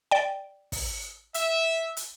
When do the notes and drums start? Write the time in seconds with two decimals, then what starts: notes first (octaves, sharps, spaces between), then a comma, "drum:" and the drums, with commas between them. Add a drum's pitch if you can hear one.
0.11 D5 G5
0.72 drum: kick, open hi-hat
1.34 E5, drum: hi-hat
1.97 drum: hi-hat